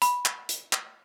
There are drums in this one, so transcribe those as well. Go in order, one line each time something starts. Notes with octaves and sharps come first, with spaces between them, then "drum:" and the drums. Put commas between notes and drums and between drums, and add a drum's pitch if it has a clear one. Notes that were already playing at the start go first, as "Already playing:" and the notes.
B5, drum: hi-hat
drum: clap
drum: hi-hat
drum: clap